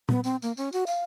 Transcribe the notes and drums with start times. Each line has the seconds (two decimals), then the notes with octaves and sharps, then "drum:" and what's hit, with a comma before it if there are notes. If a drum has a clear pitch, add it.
0.09 B3, drum: tom A#2
0.24 C4, drum: tambourine
0.42 A#3, drum: tambourine
0.57 C#4, drum: tambourine
0.73 F#4, drum: tambourine
0.87 F5, drum: tambourine